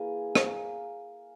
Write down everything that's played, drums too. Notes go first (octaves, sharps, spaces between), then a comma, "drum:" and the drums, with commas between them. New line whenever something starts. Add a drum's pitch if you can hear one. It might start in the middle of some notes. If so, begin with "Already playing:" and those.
Already playing: E3 A#3 G#4
A#3, drum: rim click